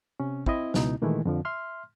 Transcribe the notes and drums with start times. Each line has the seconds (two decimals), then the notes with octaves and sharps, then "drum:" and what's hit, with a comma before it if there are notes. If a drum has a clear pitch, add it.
0.20 C3 C#4
0.46 C4 E4 D#5 E5, drum: kick
0.74 C#2 B2 D#4 E4, drum: snare
1.02 A#2 D#3 E3 G#3 A3 E4
1.25 F2 D3 F3
1.45 E5 C6 F6